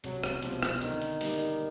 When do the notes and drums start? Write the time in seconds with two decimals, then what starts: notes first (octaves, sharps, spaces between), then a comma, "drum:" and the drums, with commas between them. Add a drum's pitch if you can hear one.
0.04 C2 F#3, drum: hi-hat
0.24 drum: rim click
0.42 B2 F3 G3 C4, drum: hi-hat
0.63 drum: rim click
0.81 D3 D#3, drum: hi-hat
1.02 drum: hi-hat
1.21 G3 A#3 D#4, drum: open hi-hat